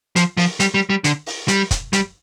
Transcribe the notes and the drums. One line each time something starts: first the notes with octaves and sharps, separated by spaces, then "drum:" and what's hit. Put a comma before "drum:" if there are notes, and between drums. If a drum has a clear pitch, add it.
F3, drum: hi-hat
F3, drum: open hi-hat
G3, drum: hi-hat
G3
G3
D3, drum: hi-hat
drum: open hi-hat
G3, drum: hi-hat
drum: kick, hi-hat
G3, drum: hi-hat